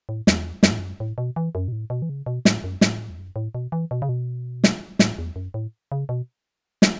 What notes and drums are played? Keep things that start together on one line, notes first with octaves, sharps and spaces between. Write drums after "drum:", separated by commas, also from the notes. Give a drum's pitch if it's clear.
A2
E2, drum: snare
F#2, drum: snare
A2
F#2
A2
B2
E3
F#2
B2
A2
B2
E3
C#3
B2
A2, drum: snare
F#2
A2, drum: snare
E2
F#2
A2
B2
E3
B2
C#3
B2
drum: snare
A2, drum: snare
E2
F#2
A2
C#3
B2
drum: snare